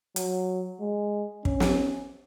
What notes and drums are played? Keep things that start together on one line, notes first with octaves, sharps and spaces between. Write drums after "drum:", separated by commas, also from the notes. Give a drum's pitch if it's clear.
F#3, drum: hi-hat
G#3
C#4, drum: kick
drum: snare